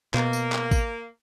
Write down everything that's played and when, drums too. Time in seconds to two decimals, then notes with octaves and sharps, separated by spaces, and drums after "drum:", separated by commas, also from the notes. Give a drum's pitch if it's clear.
0.14 B2 A#3, drum: clap
0.33 drum: tambourine
0.52 drum: clap
0.71 drum: kick A1, tambourine